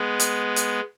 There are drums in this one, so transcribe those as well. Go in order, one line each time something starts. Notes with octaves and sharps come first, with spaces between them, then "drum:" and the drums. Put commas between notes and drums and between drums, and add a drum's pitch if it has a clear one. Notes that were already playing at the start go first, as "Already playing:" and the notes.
Already playing: G#3 B3
drum: hi-hat
drum: hi-hat